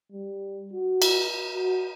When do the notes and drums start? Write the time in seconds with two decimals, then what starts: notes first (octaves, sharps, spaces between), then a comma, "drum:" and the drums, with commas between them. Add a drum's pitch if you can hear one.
0.12 G3
0.73 F#4
1.02 drum: cymbal
1.53 F#4